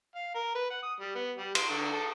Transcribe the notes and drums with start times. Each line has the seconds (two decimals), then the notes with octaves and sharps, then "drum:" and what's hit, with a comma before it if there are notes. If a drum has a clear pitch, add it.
0.15 F5
0.35 A#4
0.55 B4
0.70 F#5
0.83 D#6
1.00 G3
1.15 B3
1.38 G3
1.55 C6, drum: cymbal
1.70 D3
1.92 A4